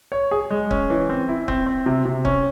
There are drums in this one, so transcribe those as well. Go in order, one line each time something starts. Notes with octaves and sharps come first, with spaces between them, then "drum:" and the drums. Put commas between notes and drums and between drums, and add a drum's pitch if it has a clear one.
C#5
G#4
G#3
C#4, drum: kick
E3
C4
E4
C4, drum: kick
C4
C3
C3
C#4, drum: kick